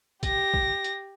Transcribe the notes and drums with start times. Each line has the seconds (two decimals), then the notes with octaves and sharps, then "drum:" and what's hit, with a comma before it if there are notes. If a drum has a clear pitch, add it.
0.23 G4 A#6, drum: kick, hi-hat
0.54 drum: kick
0.84 drum: hi-hat